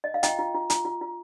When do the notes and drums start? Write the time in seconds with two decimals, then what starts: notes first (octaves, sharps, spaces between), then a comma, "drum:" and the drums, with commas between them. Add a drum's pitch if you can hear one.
0.04 D#5
0.14 F5
0.23 F4 D#5 G5, drum: hi-hat
0.39 F4
0.55 F4
0.70 F4, drum: hi-hat
0.85 F4
1.01 F4